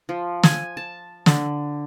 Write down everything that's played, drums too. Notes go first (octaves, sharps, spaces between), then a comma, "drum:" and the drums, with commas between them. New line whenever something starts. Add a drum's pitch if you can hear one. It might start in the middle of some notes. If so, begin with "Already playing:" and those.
F3
G#5, drum: snare
A5
D3, drum: snare